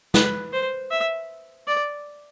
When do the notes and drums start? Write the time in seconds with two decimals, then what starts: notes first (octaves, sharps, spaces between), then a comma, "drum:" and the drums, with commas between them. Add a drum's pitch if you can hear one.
0.14 B4, drum: snare
0.53 C5
0.91 E5
1.67 D5